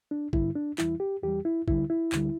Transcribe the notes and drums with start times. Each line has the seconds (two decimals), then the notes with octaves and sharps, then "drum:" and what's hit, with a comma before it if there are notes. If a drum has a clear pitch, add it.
0.11 D4
0.33 G2 D3 G3 E4, drum: kick
0.55 D4
0.78 E2 E3 G3 E4, drum: clap
1.00 G4
1.23 E2 E3 G3 G4
1.45 E4
1.68 D2 D3 G3 E4, drum: kick
1.90 E4
2.12 D2 D3 G3, drum: clap